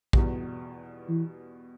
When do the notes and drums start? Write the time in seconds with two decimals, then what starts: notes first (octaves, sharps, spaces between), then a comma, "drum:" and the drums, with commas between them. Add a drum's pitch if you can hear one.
0.13 E2 B2 G3, drum: kick A#1
1.09 E3